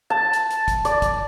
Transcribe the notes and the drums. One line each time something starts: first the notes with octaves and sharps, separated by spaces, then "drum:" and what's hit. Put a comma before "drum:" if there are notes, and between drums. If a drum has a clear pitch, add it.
A5
drum: hi-hat
drum: hi-hat
drum: kick, hi-hat
D5, drum: hi-hat
drum: kick, hi-hat